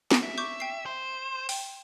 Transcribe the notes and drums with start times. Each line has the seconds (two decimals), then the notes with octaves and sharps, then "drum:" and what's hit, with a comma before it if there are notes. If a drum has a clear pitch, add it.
0.11 drum: snare
0.23 E5
0.38 C#6 D6 G6
0.60 G5 C7
0.86 C5
1.49 G5, drum: open hi-hat